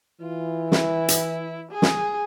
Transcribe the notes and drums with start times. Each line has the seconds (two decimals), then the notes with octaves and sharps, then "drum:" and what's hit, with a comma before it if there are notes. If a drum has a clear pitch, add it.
0.22 E3 F4
0.72 E4, drum: snare
1.08 drum: hi-hat
1.72 G#4
1.82 drum: snare